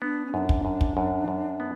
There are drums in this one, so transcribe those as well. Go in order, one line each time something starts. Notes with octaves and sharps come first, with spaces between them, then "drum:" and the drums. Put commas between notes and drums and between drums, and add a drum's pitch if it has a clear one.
B3 D4
C#4
F#2 D4 D#4
drum: kick
F#2
drum: kick
F#2
F#2
B3